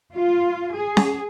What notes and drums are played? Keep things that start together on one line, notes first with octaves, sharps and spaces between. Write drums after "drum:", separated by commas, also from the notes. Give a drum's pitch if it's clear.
F4
G#4
drum: snare C#4